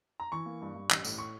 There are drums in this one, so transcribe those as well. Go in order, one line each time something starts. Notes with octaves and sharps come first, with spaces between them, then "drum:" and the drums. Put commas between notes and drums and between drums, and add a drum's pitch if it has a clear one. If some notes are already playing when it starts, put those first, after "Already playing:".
A#5
E3 C#6
A#3
G2
G2
A1, drum: clap
A2, drum: tambourine
C#6